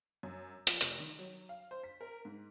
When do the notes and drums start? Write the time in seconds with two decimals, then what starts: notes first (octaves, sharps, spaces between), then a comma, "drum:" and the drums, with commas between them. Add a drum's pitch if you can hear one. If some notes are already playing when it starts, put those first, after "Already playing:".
0.23 F#2
0.67 F3, drum: hi-hat
0.81 F1, drum: hi-hat
0.99 D#3
1.19 F#3
1.49 F5
1.71 C5
1.84 B6
2.01 A#4
2.25 G#2